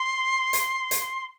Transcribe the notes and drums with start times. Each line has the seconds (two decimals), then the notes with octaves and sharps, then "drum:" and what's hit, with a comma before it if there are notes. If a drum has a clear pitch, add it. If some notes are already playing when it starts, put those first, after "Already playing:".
Already playing: C6
0.53 drum: hi-hat
0.91 drum: hi-hat